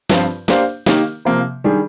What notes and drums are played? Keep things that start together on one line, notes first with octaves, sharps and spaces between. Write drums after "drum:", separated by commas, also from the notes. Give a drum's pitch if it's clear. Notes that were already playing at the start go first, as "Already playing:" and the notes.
G2 F3 C4 F4 C5, drum: snare
A#3 D4 G4 C5 F5, drum: snare
D#3 A#3 D#4 G4 A#4, drum: snare
C3 F3 A#3
D#3 G3 D4 G#4